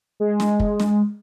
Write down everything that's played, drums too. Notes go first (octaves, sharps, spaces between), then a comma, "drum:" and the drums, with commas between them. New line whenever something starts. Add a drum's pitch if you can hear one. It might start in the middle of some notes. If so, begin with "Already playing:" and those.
G#3
drum: snare
drum: kick
drum: snare